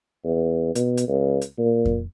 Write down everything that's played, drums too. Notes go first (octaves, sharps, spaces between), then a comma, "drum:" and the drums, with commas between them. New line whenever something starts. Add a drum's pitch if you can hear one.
E2
B2, drum: hi-hat
drum: hi-hat
C#2
drum: hi-hat
A#2
drum: kick F2